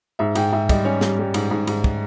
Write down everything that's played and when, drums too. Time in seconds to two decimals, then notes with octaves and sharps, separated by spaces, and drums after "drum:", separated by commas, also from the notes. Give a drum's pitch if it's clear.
0.19 G#2 E5
0.35 G#2 G5, drum: cymbal
0.53 G#2 E5
0.69 G3 D#5, drum: kick, cymbal
0.85 C#4 C#5
1.01 G3, drum: snare
1.19 G3
1.34 G#2, drum: cymbal
1.51 G#2
1.67 G#2, drum: cymbal
1.84 drum: kick